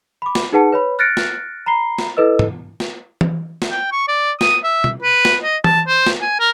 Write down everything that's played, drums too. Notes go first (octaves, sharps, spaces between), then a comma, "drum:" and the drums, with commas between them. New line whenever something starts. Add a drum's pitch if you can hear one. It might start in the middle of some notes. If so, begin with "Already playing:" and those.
B5 D6
drum: snare
D#4 G#4 B4 F#5 A5 C#7
B4 C#5 B5
F6 F#6 A6 A#6 C#7 D7
drum: snare
A#5 B5 C7 G7
drum: snare
E4 A4 B4 D#5 E6
drum: tom
drum: snare
drum: tom E3
drum: snare
G5
C#6
D5
D#6, drum: snare
E5
drum: tom
B4
drum: snare
D#5
A5, drum: tom E3
C5
drum: snare
G#5
A#4